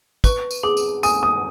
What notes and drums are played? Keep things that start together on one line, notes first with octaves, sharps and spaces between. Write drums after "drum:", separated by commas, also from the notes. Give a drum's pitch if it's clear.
B4 C#6, drum: kick, tambourine
drum: tambourine
G#4 D6
drum: tambourine
G#5 D#6, drum: tambourine
D#6